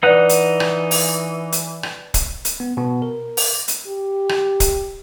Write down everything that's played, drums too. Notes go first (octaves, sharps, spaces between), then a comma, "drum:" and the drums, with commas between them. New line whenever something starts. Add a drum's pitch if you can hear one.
E3 D#4 B4 D5 F#5 F#6
drum: hi-hat
drum: rim click
drum: open hi-hat
drum: hi-hat
drum: rim click
drum: kick, hi-hat
drum: hi-hat
B3
B2 B3
A#4
drum: open hi-hat
drum: hi-hat
G4
drum: rim click
drum: kick, hi-hat